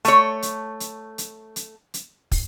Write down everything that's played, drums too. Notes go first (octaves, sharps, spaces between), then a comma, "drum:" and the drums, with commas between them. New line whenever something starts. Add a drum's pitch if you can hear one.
A3 C#5, drum: hi-hat
drum: hi-hat
drum: hi-hat
drum: hi-hat
drum: hi-hat
drum: hi-hat
drum: kick, open hi-hat